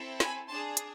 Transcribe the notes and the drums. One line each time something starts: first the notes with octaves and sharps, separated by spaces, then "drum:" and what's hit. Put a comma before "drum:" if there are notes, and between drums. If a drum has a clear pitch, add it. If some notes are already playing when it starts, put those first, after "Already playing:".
Already playing: C4 E4 A4
G#5 B5, drum: snare
D4 G#4 A5 C6
drum: hi-hat